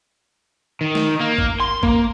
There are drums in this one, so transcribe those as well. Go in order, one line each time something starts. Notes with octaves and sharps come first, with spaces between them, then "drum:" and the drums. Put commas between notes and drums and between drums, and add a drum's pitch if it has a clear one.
D#3
drum: snare
A#3
drum: kick
C6
A#3, drum: kick